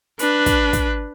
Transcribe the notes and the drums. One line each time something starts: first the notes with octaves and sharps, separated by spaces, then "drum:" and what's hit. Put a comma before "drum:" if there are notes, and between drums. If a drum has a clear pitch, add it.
D4 B4, drum: hi-hat
drum: kick, hi-hat
drum: kick, hi-hat